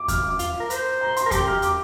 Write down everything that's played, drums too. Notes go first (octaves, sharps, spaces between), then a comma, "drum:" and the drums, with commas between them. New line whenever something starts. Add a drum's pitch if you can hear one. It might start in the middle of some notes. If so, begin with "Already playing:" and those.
Already playing: D6
F6, drum: kick E2, hi-hat
D6
F4, drum: hi-hat
A#4
C5, drum: hi-hat
A#5
C6, drum: hi-hat
A#4
G4 D6, drum: kick E2, hi-hat
F6
D6, drum: hi-hat